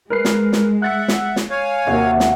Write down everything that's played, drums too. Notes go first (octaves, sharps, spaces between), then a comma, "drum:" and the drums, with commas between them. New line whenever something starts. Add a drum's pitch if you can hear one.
G#3 A#4 B4 C7
drum: snare
drum: snare
E5 F#5 F#6 A6 C#7
drum: snare
drum: snare
C#5 F5 G#5
D#2 C3 A#3 F#4 E5
drum: snare